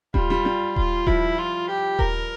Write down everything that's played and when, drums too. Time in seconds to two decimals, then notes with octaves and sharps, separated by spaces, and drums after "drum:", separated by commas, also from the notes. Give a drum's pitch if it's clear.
0.14 G3 F4, drum: kick D#1
0.30 G3
0.45 G3
0.76 F4, drum: kick D#1
1.07 F3 E4, drum: kick D#1
1.38 F4
1.69 G4
1.99 A#4, drum: kick D#1